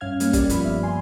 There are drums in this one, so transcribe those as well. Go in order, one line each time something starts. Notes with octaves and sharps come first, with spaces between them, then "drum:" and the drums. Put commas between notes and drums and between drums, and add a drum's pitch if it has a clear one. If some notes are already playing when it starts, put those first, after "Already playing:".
G2 C#4 F5 F6 G#6
G3 A#3 C#4, drum: hi-hat
G4 D5, drum: kick, hi-hat
G2 F3 B3 B5 F6, drum: hi-hat
E5
E5 G#5 C6